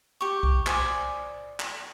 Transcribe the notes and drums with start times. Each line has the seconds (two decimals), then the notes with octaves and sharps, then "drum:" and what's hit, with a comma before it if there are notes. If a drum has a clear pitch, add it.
0.21 G4 C#6
0.43 drum: kick B1
0.67 C5 D5 G#5 D#6, drum: clap
1.60 drum: clap